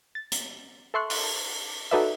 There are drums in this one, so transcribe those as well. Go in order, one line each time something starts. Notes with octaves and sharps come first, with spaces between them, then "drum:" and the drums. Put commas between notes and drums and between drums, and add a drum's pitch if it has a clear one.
A6
drum: hi-hat
A4 E5 C6 C#6 F#6
drum: open hi-hat
D#4 F#4 A4 B4 D5 E5